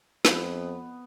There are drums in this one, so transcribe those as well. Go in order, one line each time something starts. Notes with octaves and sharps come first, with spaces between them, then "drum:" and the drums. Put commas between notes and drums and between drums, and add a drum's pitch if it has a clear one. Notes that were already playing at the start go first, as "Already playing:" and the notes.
F2 B3, drum: snare